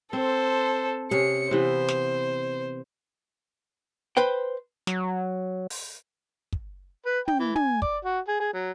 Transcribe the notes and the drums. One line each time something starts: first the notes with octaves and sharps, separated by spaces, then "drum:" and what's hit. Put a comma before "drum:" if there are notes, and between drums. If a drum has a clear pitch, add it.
C4 A4 C5
C3 C#4 G#4 C#7, drum: hi-hat
C3 E3 B3 C5
drum: snare
B4 C5 G5
F#3, drum: snare
drum: open hi-hat
drum: kick
B4
G5, drum: tom
E3
G#5, drum: tom
D5, drum: kick
F#4
G#4
G#4
F#3